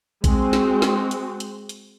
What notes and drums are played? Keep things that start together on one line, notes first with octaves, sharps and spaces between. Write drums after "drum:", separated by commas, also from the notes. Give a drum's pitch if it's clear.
G#3 C4 F#4, drum: kick A#1, hi-hat
drum: snare
drum: snare
drum: hi-hat
drum: hi-hat
drum: hi-hat